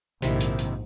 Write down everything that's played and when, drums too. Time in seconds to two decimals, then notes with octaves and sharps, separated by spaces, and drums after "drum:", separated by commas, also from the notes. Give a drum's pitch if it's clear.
0.22 A#1 G#2 C3 D#3 E4, drum: hi-hat
0.41 drum: hi-hat
0.59 drum: hi-hat